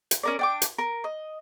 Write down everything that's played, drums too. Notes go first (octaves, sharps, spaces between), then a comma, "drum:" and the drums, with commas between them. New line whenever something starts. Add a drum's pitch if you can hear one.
drum: hi-hat
C#4 A#4 D5
D4 G5 D6
drum: hi-hat
A#4
D#5